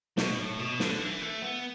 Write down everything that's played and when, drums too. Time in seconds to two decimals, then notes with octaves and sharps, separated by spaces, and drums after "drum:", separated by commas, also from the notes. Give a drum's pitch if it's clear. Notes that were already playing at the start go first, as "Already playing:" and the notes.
0.17 B2, drum: snare
0.38 A2
0.59 B2
0.80 D3, drum: snare
1.01 E3
1.22 A3
1.43 B3